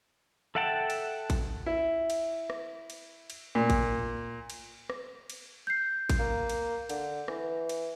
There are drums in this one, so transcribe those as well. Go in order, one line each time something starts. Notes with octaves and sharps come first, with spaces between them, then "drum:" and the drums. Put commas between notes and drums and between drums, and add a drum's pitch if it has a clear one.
A4 E5 F#5 G5 A5
drum: cymbal
drum: kick A1, cymbal
E4
drum: cymbal
drum: rim click
drum: cymbal
drum: cymbal
A#2
drum: kick A1, cymbal
drum: cymbal
drum: rim click
drum: cymbal
G6 C7
drum: kick A1, cymbal
A#3
drum: cymbal
D3, drum: cymbal
E3, drum: rim click
drum: cymbal